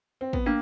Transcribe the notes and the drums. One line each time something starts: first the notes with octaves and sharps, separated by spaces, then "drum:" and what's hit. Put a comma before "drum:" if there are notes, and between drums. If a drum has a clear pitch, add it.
C4
B3, drum: kick
A#3 D4